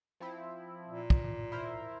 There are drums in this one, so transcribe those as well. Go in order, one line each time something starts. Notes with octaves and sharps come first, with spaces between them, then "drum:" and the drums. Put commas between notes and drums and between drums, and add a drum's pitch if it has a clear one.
F3 C4 E4
A#2
drum: kick
E4 A#4 C5